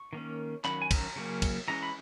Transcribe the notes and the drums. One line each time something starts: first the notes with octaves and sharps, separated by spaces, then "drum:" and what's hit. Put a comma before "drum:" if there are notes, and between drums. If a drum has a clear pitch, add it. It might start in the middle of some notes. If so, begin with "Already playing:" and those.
Already playing: C#6
D#3 A#3 C#4
D#3 F#3 C#4 B5, drum: clap
G#5
A#5, drum: kick, cymbal
C#3 F#3 A#3 C#4
drum: kick, cymbal
E3 G#3 C#4 A#5
B5